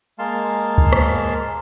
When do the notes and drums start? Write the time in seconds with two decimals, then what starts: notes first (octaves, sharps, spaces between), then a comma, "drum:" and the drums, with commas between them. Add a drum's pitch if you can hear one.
0.19 G#3 A#3 F5 A5 C6
0.78 drum: kick
0.93 drum: rim click